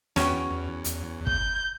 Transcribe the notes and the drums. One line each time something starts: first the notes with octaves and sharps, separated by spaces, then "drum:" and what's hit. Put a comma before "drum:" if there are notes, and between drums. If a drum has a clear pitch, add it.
E2 B3 C#4 F#4 C#5 G5, drum: snare
drum: hi-hat
G6, drum: kick